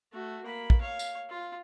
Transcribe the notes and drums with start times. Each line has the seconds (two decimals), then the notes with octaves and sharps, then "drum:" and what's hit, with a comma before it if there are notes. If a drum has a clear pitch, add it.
0.13 A3 F#4
0.44 A#3 B5
0.70 drum: kick
0.81 C#5 F5
0.99 drum: tambourine
1.29 F4